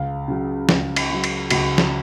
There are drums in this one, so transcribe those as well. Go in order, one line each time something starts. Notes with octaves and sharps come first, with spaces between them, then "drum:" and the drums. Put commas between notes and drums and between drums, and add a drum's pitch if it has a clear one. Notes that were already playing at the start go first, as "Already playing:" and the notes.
Already playing: C#2 F5
C#3 F#3
C#2, drum: snare
drum: cymbal
C#3 F#3
drum: cymbal
C#2 F#4, drum: cymbal
drum: snare